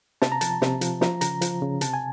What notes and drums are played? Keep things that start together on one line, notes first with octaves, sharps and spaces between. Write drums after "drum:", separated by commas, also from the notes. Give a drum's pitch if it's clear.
C3 A5, drum: snare
A#5
F3 A5, drum: hi-hat
C3, drum: snare
F3, drum: hi-hat
F3 A#5, drum: snare
C#3 A#5, drum: hi-hat
F3, drum: hi-hat
C#3
C3 A5, drum: hi-hat
G#5